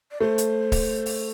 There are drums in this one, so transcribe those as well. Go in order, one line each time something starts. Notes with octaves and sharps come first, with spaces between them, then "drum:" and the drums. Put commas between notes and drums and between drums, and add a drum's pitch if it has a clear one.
D5
A3 C5
drum: hi-hat
drum: kick D1, open hi-hat
drum: open hi-hat